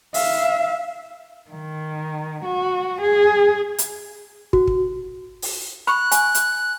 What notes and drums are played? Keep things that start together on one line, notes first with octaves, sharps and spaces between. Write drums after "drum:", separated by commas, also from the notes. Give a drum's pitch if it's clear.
E5 F5, drum: open hi-hat
D#3
F#4
G#4
drum: hi-hat
F#4, drum: kick
drum: kick
drum: open hi-hat
B5 C#6 F#6
G#5, drum: hi-hat
drum: hi-hat